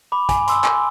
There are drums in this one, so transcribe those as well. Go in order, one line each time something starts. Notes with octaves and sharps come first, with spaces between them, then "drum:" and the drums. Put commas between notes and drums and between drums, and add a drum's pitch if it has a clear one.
B5 D6
G#5, drum: kick, hi-hat
C6 E6, drum: hi-hat
G#5, drum: clap